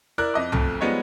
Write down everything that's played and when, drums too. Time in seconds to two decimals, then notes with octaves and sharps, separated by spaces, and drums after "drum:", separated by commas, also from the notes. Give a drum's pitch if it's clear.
0.18 E4 A#4 D5 F#6
0.34 F2 D#5 D6
0.52 B1 F2 A3, drum: tom C2
0.81 F3 G3 G#3 B3 D#4 C#5